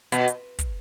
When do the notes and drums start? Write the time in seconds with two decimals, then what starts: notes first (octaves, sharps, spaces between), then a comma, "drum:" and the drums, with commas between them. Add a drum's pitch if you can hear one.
0.12 B2, drum: hi-hat
0.28 drum: hi-hat
0.59 drum: kick, hi-hat